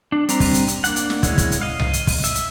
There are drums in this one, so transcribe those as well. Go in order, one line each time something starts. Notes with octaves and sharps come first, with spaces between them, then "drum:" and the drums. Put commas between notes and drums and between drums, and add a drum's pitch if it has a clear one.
D4
G3 C4 D4 A#5, drum: hi-hat
drum: kick, open hi-hat
drum: hi-hat
drum: hi-hat
A#3 D4 F#5, drum: hi-hat
drum: hi-hat
drum: snare
G#3 C#4 E4, drum: kick, hi-hat
drum: kick, hi-hat
drum: hi-hat
D#5 F5
drum: tom C2
drum: hi-hat
drum: kick, open hi-hat
E5, drum: hi-hat
drum: hi-hat